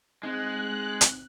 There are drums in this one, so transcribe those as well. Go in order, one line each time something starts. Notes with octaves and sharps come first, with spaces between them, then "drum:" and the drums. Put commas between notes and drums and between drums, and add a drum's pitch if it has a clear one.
G#3 C4 D#4 F#6
drum: hi-hat